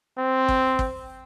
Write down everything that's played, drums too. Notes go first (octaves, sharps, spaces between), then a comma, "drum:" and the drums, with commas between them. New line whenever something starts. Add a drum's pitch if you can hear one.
C4
drum: kick
drum: kick